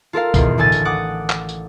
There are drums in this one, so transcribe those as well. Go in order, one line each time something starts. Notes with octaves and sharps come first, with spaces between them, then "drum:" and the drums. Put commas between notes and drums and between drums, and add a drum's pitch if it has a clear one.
F4 A4 A#4 F5
G#1 E2 B2 F4 C7, drum: kick C2, tambourine
A1 D2 A4 G#5 A6
drum: tambourine
F#5 D6 D#6 F#6
drum: clap
drum: tambourine